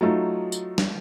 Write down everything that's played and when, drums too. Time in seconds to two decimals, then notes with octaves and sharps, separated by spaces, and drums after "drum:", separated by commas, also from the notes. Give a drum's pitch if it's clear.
0.01 F#3 A3 D#4 F4
0.52 drum: tambourine
0.78 drum: snare